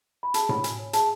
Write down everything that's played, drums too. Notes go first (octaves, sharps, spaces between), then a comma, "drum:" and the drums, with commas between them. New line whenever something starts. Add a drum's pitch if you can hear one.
B5
G#4 A5, drum: hi-hat
C#5 B5, drum: tom A2
F#4 G#5, drum: hi-hat
C#5
G#4 A5, drum: hi-hat